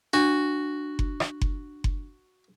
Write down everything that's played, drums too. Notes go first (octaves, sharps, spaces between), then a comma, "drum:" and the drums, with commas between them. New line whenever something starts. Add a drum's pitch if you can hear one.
D4 F#4
drum: kick F#1
drum: rim click
drum: kick F#1
drum: kick F#1